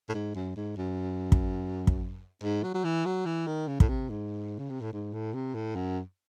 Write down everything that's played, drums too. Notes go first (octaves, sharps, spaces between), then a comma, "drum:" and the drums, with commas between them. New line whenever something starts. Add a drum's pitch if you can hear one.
A2
G#2
F#2
G#2
F#2
drum: kick
drum: kick
G#2
F#3
F#3
E3
F#3
E3
D#3
C#3
A2, drum: kick
C3
G#2
C#3
C3
A2
G#2
A2
C3
A2
F#2